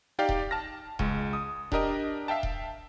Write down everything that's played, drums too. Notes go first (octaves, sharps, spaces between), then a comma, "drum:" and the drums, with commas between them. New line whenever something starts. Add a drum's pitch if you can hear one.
D#4 G4 D5 F5 G5
drum: kick D#1
A5 F6 A#6
C#2 G#3, drum: kick D#1
D#6
D4 G4 A#4 D#5, drum: kick D#1
E5 F5 G5 A5
drum: kick D#1